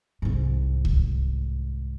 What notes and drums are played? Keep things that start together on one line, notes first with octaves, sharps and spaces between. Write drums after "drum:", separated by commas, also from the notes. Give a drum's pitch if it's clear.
C2 G#2
drum: kick C#2